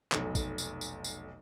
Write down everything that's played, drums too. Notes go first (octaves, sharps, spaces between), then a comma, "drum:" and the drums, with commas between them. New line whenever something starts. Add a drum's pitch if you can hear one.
F1 B1, drum: clap
drum: kick, tambourine
drum: tambourine
drum: tambourine
drum: tambourine